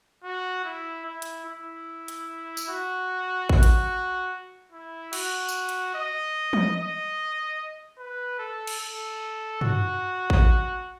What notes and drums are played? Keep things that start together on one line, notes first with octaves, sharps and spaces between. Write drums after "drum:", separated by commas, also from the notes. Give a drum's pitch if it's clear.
F#4
E4
E4
drum: hi-hat
E4
drum: hi-hat
drum: tambourine
F#4
F#4, drum: kick A1
drum: hi-hat
E4
F#4, drum: cymbal
drum: tambourine
drum: hi-hat
D#5
drum: tom
D#5
B4
A4
drum: cymbal
A4
F#4, drum: tom
drum: kick A1